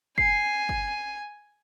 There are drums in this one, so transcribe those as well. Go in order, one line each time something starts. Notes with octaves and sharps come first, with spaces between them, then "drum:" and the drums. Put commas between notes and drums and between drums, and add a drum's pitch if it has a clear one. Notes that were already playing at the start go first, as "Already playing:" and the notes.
G#5 C7, drum: kick
drum: kick